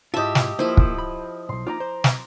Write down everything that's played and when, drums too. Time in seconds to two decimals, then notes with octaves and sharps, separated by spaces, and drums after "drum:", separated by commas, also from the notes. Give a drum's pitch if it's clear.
0.14 G#2 E4 F4 G4 D#5 E5 A5
0.35 drum: snare
0.59 F3 A#3 E4
0.77 drum: kick
0.98 B5
1.49 B1 A#2 C6
1.67 A#3 D#4 F4 A#5 D6
1.80 C5
2.04 drum: snare